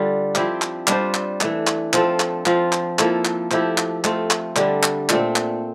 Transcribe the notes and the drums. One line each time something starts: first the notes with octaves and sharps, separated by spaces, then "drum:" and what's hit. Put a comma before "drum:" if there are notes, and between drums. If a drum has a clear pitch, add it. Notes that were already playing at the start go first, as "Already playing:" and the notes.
Already playing: D3 G3 D4 F4
F3 C4 E4 G4, drum: clap
drum: clap
G3 D4 F4 C5, drum: clap
drum: clap
E3 A3 D4, drum: clap
drum: clap
F3 C4 F4 A4, drum: clap
drum: clap
F3 C4 F4, drum: clap
drum: clap
F3 A#3 E4 A4, drum: clap
drum: clap
F3 A3 E4 G4, drum: clap
drum: clap
A3 C4 F4, drum: clap
drum: clap
D3 G3 D4, drum: clap
drum: clap
A#2 A3 C4, drum: clap
drum: clap